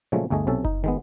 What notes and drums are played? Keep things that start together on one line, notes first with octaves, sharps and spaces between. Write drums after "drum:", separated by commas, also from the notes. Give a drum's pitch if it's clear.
A#2 C#3 F3 F#3 G#3 A3
G1 D2 A3 G#4 D#5
B1 C3 C#4 A4
D#4, drum: kick F#1
D#3 G#3 B3